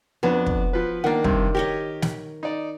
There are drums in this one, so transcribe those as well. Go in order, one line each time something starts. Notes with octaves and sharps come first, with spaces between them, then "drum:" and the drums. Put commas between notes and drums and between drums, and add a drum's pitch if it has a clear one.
F2 B3 D4
drum: kick
F3 B4
D#3 A#3 D4 F#5
G2 C3, drum: kick
G4 A#4 C#5 D#5
drum: snare
D#4 D5